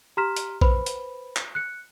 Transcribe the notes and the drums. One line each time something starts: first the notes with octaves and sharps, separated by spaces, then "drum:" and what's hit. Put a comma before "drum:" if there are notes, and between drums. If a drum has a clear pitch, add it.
G4 A#5 C6 F6 B6 E7
drum: hi-hat
B4 C5 B5, drum: kick A#1
drum: hi-hat
drum: clap
F#6 C#7